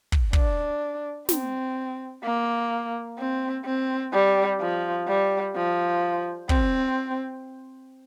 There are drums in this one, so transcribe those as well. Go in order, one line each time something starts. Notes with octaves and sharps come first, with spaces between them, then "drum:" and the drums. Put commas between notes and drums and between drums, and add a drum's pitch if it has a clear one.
drum: kick
D4, drum: kick
C4, drum: snare
A#3
C4
C4
G3
F3
G3
F3
C4, drum: kick